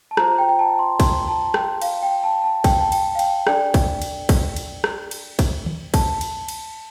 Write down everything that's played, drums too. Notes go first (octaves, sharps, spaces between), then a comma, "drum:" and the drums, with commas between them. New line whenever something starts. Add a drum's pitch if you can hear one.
A5
F4 C5 A#5, drum: rim click
G5
G5
A5
C6
C6, drum: kick, cymbal
A5
G5, drum: rim click
F5, drum: cymbal
G5
A5
A5
G5, drum: kick, cymbal
A5
G5, drum: cymbal
F5
G5, drum: cymbal
D4 A4 D5 G5, drum: rim click
drum: kick, cymbal
drum: cymbal
drum: kick, cymbal
drum: cymbal
drum: rim click
drum: cymbal
drum: kick, cymbal
drum: tom D#3
A5, drum: kick, cymbal
drum: cymbal
drum: cymbal